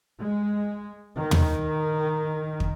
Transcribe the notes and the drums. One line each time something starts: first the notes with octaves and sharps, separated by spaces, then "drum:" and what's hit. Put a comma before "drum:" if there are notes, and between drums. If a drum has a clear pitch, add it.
G#3
D#3
drum: tom
drum: kick